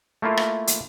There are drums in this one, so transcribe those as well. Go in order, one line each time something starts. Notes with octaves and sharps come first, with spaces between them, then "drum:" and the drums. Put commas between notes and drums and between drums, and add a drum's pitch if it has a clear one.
A3 A#3 E4 F4
drum: rim click
drum: hi-hat